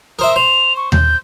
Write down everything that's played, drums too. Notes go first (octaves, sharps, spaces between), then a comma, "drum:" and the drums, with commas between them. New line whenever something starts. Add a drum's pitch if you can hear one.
A#4 C5 E5 D#6
C5 F7
C#6
G6, drum: tom D#2